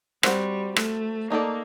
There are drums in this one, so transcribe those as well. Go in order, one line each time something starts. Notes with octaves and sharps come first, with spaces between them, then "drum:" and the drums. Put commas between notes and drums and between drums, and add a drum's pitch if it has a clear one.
G3 C4 F#4 C5, drum: rim click
A3, drum: rim click
A3 A#3 D#4 A4 D5